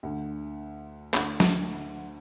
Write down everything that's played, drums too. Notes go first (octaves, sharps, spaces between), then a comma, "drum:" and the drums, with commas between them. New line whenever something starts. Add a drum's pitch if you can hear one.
D2 D3
D2 D3, drum: clap
drum: snare